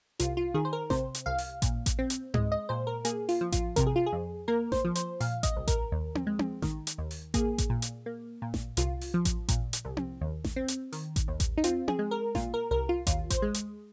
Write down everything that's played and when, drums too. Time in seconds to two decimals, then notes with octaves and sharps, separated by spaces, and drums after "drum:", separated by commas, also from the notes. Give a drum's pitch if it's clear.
0.20 C2 F4, drum: hi-hat
0.37 F4
0.54 D#3 G#4
0.65 C5
0.73 A#4
0.90 C3 C5, drum: snare A1
1.15 drum: hi-hat
1.26 C2 F5
1.38 drum: open hi-hat
1.62 A#2, drum: kick A1, hi-hat
1.86 drum: kick A1, hi-hat
1.99 C4
2.10 drum: hi-hat
2.34 G#3 D#5, drum: tom G#2
2.52 D#5
2.69 A#2 C5
2.87 A#4
3.05 A#3 G#4, drum: hi-hat
3.29 F4, drum: open hi-hat
3.41 F3
3.52 F4, drum: kick A1, hi-hat
3.76 C3 A#4, drum: kick A1, hi-hat
3.86 G#4
3.96 F4
4.06 G#4
4.13 F2
4.48 A#3 A#4
4.72 C5, drum: snare A1
4.85 F3
4.95 C5, drum: hi-hat
5.20 A#2 F5, drum: open hi-hat
5.43 D#5, drum: kick A1, hi-hat
5.56 C2
5.67 A#4, drum: kick A1, hi-hat
5.92 D#2
6.15 drum: tom C4
6.27 G#3
6.39 drum: tom C4
6.62 D#3, drum: snare A1
6.87 drum: hi-hat
6.98 D#2
7.11 drum: open hi-hat
7.34 A#3 G#4, drum: kick A1, hi-hat
7.58 drum: kick A1, hi-hat
7.70 A#2
7.82 drum: hi-hat
8.06 A#3
8.42 A#2
8.54 drum: snare A1
8.77 C2 F4, drum: hi-hat
9.01 drum: open hi-hat
9.14 F3
9.25 drum: kick A1, hi-hat
9.48 A#2, drum: kick A1, hi-hat
9.73 drum: hi-hat
9.85 C2
9.97 drum: tom C4
10.21 D#2
10.44 drum: snare A1
10.56 C4
10.68 drum: hi-hat
10.92 D#3, drum: open hi-hat
11.16 drum: kick A1, hi-hat
11.28 D#2
11.40 drum: kick A1, hi-hat
11.57 D#4
11.64 C4 F4, drum: hi-hat
11.88 G#4, drum: tom C4
11.99 G#3
12.11 A#4
12.35 A#2 F4, drum: snare A1
12.54 A#4
12.71 C2 A#4
12.89 F4
13.07 D#2 F4, drum: kick A1, hi-hat
13.30 C5, drum: kick A1, hi-hat
13.42 G#3
13.54 drum: hi-hat